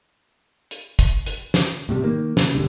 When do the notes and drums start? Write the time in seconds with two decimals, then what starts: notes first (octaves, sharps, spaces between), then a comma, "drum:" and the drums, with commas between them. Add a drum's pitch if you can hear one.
0.71 drum: hi-hat
0.99 drum: kick, hi-hat
1.26 drum: hi-hat
1.54 drum: snare
1.89 A2 C3 G3
2.04 D#3 A#3
2.37 C#3, drum: snare
2.54 F#1 B2 D3 G3